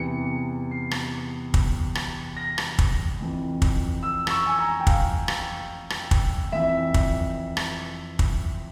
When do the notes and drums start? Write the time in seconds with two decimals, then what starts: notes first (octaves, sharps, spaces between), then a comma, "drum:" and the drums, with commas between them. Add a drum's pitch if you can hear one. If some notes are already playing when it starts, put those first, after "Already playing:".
Already playing: E2 C3 E3 C#7
0.71 C7
0.91 drum: rim click
1.54 drum: kick
1.95 drum: rim click
2.37 A#6
2.58 drum: rim click
2.79 drum: kick
3.20 F2 E3
3.62 drum: kick
4.03 E6
4.27 E6, drum: rim click
4.31 C#6
4.46 G#5
4.59 A#5
4.80 G5
4.87 F5, drum: kick
5.28 drum: rim click
5.90 drum: rim click
6.11 drum: kick
6.52 F2 E3 E5
6.94 drum: kick
7.57 drum: rim click
8.19 drum: kick